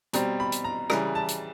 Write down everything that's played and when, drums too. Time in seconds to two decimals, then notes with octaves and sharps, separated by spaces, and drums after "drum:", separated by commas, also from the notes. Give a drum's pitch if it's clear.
0.13 B2 G3 C4 A#5, drum: hi-hat
0.40 B5
0.52 drum: hi-hat
0.64 A#5
0.90 C#3 E3 G3 A#5, drum: rim click
1.15 A5
1.28 drum: hi-hat